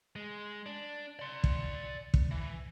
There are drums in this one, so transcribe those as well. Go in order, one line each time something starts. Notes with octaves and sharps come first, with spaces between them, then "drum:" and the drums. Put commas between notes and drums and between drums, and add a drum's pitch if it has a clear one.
G#3
D4
D5 C6
drum: kick
drum: kick
E3